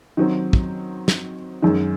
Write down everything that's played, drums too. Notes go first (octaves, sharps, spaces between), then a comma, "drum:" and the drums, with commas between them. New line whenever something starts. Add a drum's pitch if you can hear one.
D#3 F#3 C4
drum: kick
drum: snare
F#2 D#3 G#3